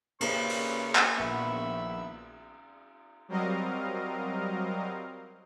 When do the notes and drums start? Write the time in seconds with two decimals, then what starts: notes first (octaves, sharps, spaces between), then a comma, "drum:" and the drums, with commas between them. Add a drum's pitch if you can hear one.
0.21 C#3 A#3 G4 B4 C5 C#6, drum: cymbal
0.49 drum: open hi-hat
0.95 drum: clap
1.18 A#1 D#3 B3 E5 B5
3.29 F#3 G3 C4 A#4 D#5 F5